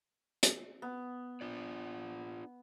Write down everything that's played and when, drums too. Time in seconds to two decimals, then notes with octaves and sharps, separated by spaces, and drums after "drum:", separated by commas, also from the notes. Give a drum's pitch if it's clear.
0.43 drum: hi-hat
0.82 B3
1.41 D4 F4 D5